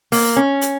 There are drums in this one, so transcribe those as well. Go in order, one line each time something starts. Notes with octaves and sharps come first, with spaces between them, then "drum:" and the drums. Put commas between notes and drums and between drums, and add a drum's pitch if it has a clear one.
A#3, drum: open hi-hat
C#4
drum: hi-hat